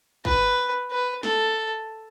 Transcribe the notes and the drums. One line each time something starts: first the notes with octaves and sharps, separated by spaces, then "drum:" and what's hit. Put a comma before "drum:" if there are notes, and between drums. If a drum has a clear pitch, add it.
B4, drum: kick
B4
A4, drum: snare